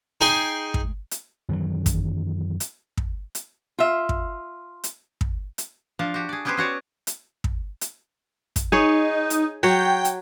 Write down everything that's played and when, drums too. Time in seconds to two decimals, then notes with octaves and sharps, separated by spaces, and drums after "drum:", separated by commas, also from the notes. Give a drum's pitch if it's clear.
0.21 D#4 G#4 G5 G#5 C6
0.74 drum: kick
1.11 drum: hi-hat
1.49 F#2 D#3 E3 F#3
1.86 drum: kick, hi-hat
2.60 drum: hi-hat
2.97 drum: kick
3.35 drum: hi-hat
3.79 F4 E5
4.09 drum: kick
4.84 drum: hi-hat
5.21 drum: kick
5.58 drum: hi-hat
5.99 F3 D4 F5
6.14 F#4 G4
6.29 G#4 D5
6.45 B3 C#4 G4 G#4 B4 C5
6.57 C#4 F#4 C#5 D5
7.07 drum: hi-hat
7.44 drum: kick
7.81 drum: hi-hat
8.56 drum: kick, hi-hat
8.72 D#4 G#4 C#5
9.30 drum: hi-hat
9.63 F#3 F#4 C#5 G5
10.05 drum: hi-hat